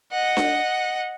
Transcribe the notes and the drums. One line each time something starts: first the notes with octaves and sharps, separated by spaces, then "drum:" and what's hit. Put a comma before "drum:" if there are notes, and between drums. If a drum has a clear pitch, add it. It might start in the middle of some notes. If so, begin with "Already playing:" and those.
D#5 F#5
drum: snare D4